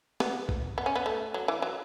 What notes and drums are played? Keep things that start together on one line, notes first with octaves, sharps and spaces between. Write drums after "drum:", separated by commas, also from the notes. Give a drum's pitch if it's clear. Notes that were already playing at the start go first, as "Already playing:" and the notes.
B3, drum: snare
drum: kick
B3
C#4
B3
A3
F#3
E3
F#3